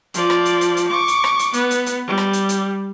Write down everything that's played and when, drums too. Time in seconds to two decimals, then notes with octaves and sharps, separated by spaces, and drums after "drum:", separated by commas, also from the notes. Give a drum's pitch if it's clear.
0.14 F3 D5, drum: hi-hat
0.30 drum: rim click
0.45 drum: hi-hat
0.61 drum: hi-hat
0.77 drum: hi-hat
0.88 C#6 D6
1.08 drum: hi-hat
1.24 drum: rim click
1.39 drum: hi-hat
1.53 B3, drum: hi-hat
1.71 drum: hi-hat
1.86 drum: hi-hat
2.07 G3
2.18 drum: rim click
2.33 drum: hi-hat
2.49 drum: hi-hat